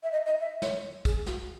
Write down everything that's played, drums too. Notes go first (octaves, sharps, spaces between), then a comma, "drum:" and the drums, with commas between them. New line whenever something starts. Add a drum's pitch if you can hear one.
E5
D#5
D#5
E5
C#5, drum: snare
G#4, drum: kick, tambourine
F#4, drum: snare